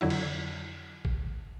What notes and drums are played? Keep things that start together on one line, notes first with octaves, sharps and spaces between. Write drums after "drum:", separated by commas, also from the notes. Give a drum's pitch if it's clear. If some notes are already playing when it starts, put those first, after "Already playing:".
F2 D3 F#3 E4
drum: cymbal
drum: kick A1